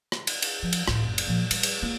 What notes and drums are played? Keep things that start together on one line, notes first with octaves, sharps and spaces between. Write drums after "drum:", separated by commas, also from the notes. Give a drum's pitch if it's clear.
drum: rim click
drum: cymbal
drum: cymbal
F3
drum: cymbal
C#2 A2, drum: rim click
F#1
drum: cymbal
A#2 F3
G3, drum: cymbal
drum: cymbal
A#3 F4